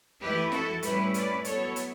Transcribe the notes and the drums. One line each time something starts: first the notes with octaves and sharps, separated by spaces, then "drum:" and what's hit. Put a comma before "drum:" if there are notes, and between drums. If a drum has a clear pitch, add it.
E3 A3 E4 G4 B4
F#4 A4, drum: snare
A2 G3 C#4 E4 G4 B4, drum: hi-hat
B4 D5, drum: hi-hat
F#3 B3 E4 A4 C#5, drum: hi-hat
drum: hi-hat